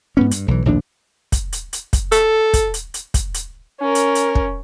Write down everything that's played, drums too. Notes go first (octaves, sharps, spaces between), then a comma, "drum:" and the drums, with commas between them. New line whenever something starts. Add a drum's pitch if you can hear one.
G#2 B3 C#4
G2, drum: hi-hat
B1 E3
A#1 D#2 A2 D4
drum: kick, hi-hat
drum: hi-hat
drum: hi-hat
drum: kick, hi-hat
A4, drum: hi-hat
drum: kick, hi-hat
drum: hi-hat
drum: hi-hat
drum: kick, hi-hat
drum: hi-hat
C#4 A#4
drum: hi-hat
drum: hi-hat
drum: kick